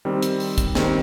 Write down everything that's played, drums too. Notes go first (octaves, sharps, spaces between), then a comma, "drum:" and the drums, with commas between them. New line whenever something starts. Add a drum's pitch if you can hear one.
D#3 G3 C4
drum: hi-hat
drum: open hi-hat
drum: kick, hi-hat
D#3 G3 C4, drum: snare